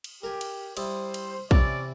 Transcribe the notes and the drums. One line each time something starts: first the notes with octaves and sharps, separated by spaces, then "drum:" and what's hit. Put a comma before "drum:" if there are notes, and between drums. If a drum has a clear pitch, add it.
drum: cymbal
G4 A#4 G#5
drum: cymbal
G3 E4 C5 D#6, drum: cymbal
drum: cymbal
C3 E3 C#4 D5, drum: kick A#1